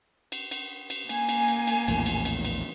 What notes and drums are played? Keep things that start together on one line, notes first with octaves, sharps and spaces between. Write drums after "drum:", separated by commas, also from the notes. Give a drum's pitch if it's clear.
drum: cymbal
drum: cymbal
drum: cymbal
A#3 G#5, drum: cymbal
drum: cymbal
drum: cymbal
drum: cymbal
A#1 E2 A2, drum: cymbal
drum: cymbal
drum: cymbal
drum: cymbal